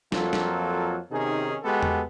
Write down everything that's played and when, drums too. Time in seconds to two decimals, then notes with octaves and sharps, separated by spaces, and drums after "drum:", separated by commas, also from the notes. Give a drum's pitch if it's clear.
0.12 F2 F#3 A#3 F4 A4, drum: snare
0.33 drum: snare
1.11 C3 D#3 C#4 D#4 G#4
1.63 G#3 B3 F#4 G4 A4
1.83 drum: tom E2